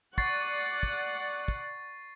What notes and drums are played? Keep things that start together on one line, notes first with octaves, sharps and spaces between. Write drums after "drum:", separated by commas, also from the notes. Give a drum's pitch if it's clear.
D5 F#5 C#6 A6 C7, drum: kick
drum: kick
drum: kick